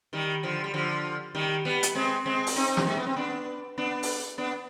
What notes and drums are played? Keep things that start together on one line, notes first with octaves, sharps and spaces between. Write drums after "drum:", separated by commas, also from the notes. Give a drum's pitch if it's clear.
D#3 G3
D3 F3
G3
D3 F3
D#3 G3
G3 B3
drum: hi-hat
G#3 C4
G#3 C4
drum: open hi-hat
C4 D#4
G3, drum: snare
G#3
B3
C4
B3 D4
B3 D4
drum: open hi-hat
B3 D4